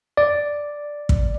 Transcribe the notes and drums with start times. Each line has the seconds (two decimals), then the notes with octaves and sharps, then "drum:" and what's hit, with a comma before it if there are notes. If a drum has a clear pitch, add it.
0.17 D5
1.09 drum: kick